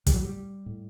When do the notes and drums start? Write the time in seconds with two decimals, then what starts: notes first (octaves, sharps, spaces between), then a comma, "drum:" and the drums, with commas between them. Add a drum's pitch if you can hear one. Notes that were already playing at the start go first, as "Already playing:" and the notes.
0.07 A2 G3, drum: kick, hi-hat
0.14 F#3
0.22 G3
0.66 A2